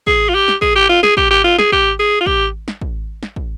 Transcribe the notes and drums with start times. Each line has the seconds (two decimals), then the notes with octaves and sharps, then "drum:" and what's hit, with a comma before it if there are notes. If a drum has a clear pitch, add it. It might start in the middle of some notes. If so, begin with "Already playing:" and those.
0.07 G#4, drum: kick
0.29 F4
0.34 G4
0.48 drum: snare
0.62 G#4, drum: kick
0.76 G4
0.89 F4
1.03 G#4, drum: snare
1.17 G4, drum: kick
1.30 G4
1.44 F4
1.58 G#4, drum: snare
1.72 G4, drum: kick
1.99 G#4
2.20 F4
2.26 G4, drum: kick
2.68 drum: snare
2.81 drum: kick
3.23 drum: snare
3.36 drum: kick